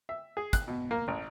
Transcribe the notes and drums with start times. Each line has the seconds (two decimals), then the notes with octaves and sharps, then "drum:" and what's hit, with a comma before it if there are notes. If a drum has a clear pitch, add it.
0.09 E5
0.37 G#4
0.53 F#6, drum: kick, hi-hat
0.68 B2
0.91 A#3
1.08 A1